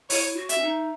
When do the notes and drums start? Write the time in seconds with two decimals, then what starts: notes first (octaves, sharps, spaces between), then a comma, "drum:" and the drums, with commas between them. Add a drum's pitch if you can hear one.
0.10 E4 C#5, drum: open hi-hat
0.36 F#4
0.49 E5, drum: hi-hat
0.58 C#4
0.63 D#4